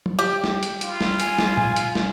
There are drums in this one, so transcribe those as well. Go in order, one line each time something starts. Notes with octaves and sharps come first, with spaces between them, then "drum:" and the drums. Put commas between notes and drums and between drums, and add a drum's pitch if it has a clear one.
drum: tom
G4
drum: snare
drum: hi-hat
F4, drum: hi-hat
drum: snare
G#5, drum: hi-hat
drum: snare
drum: tom
drum: hi-hat
drum: snare